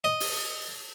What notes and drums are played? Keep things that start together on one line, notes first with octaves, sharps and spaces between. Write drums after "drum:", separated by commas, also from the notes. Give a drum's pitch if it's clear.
D#5
drum: open hi-hat